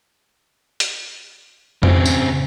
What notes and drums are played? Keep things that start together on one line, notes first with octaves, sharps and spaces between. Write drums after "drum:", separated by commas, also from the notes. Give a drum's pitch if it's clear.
drum: hi-hat
C#3 C4, drum: tom F2
drum: tambourine